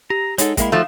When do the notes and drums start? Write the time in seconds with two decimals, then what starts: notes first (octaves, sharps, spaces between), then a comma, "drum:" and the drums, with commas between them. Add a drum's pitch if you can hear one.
0.10 G4 A#5
0.38 G#3 D#4 A4 C#5 F#5, drum: hi-hat
0.57 G#3 A#3 E4 E5 G5 B5, drum: kick, hi-hat
0.72 F3 A3 D#4 F4 F#4 F5